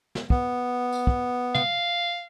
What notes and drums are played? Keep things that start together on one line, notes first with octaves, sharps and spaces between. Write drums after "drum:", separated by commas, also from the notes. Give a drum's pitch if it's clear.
drum: snare
B3, drum: kick
drum: tambourine
drum: kick
F5, drum: tom